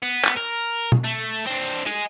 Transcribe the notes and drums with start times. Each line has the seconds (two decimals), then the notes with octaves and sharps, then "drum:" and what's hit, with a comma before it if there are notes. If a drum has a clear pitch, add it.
0.03 B3
0.24 drum: clap
0.37 A#4
0.92 drum: tom
1.04 A3
1.47 C4 D4
1.86 D#5 G#5, drum: hi-hat